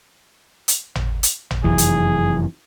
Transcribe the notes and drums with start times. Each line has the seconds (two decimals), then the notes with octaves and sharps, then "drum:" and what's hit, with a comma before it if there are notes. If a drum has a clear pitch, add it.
0.68 drum: hi-hat
0.95 drum: tom
1.23 drum: hi-hat
1.51 drum: tom
1.64 F1 F#2 E3 G#4
1.78 drum: hi-hat